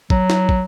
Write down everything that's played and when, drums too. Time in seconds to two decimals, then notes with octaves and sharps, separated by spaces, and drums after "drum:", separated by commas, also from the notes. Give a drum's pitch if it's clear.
0.10 F#3, drum: kick
0.30 drum: snare
0.49 drum: kick